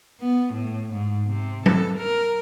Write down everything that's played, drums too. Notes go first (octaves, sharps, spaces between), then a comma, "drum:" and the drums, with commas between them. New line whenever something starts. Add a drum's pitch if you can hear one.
B3
A2
G#2
C3
A4, drum: tom F#3
A#4